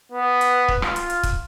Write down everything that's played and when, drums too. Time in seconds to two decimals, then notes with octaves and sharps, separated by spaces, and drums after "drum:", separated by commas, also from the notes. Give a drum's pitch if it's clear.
0.12 B3
0.41 drum: hi-hat
0.68 drum: kick
0.82 F4, drum: rim click
0.96 drum: hi-hat
1.10 drum: hi-hat
1.23 drum: kick, hi-hat